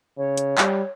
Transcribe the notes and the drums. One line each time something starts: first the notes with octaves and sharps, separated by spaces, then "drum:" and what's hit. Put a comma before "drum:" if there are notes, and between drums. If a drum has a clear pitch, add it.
C#3 C#5
drum: hi-hat
G3, drum: clap